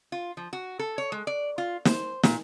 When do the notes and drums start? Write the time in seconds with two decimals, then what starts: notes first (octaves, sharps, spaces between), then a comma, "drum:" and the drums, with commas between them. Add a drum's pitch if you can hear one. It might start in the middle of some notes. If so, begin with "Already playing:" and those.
0.12 F4
0.37 F3
0.53 F#4
0.79 A4
0.98 C#5
1.12 G#3
1.27 D5
1.58 F4
1.85 C5, drum: snare
2.23 A#2, drum: snare